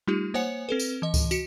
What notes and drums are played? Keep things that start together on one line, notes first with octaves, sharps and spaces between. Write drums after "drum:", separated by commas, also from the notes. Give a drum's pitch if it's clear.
G3 A3 D#4 F4 G4
A#3 C5 C#5 F#5 G#5 C#7
C4 A4 B4
drum: tambourine
E3 D#5
drum: kick C#2, tambourine
F#4 C#7, drum: tambourine